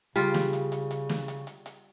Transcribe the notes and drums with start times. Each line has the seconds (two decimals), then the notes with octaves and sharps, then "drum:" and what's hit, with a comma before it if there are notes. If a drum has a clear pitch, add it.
0.16 C#3 G3 F4, drum: hi-hat
0.34 drum: snare
0.53 drum: hi-hat
0.72 drum: hi-hat
0.91 drum: hi-hat
1.09 drum: snare
1.28 drum: hi-hat
1.47 drum: hi-hat
1.66 drum: hi-hat